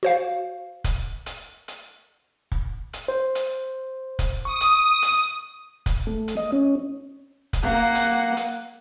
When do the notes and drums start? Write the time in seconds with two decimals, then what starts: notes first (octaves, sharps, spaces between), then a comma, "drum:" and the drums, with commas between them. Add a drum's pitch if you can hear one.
0.03 F#4 C5 F5
0.84 drum: kick, hi-hat
1.26 drum: hi-hat
1.68 drum: hi-hat
2.52 drum: kick
2.93 drum: hi-hat
3.08 C5
3.35 drum: hi-hat
4.19 drum: kick, hi-hat
4.45 C#6 D#6
4.61 drum: hi-hat
5.02 drum: hi-hat
5.86 drum: kick, hi-hat
6.07 A3
6.28 drum: hi-hat
6.37 D#5
6.52 C#4
7.53 drum: kick, hi-hat
7.62 A#3 F#5
7.95 drum: hi-hat
8.37 drum: hi-hat